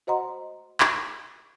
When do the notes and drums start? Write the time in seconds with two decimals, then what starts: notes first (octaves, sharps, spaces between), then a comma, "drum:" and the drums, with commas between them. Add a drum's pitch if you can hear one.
0.07 F#4 C5 D#5 F#5 A#5 C6
0.80 drum: clap